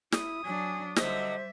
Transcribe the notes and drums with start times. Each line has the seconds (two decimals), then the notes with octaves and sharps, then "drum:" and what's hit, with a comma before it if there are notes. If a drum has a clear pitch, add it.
0.12 E4 D#6, drum: snare
0.45 F#3 D4 G#5
0.96 D3 F#3 G3 C5 D#5 E5, drum: snare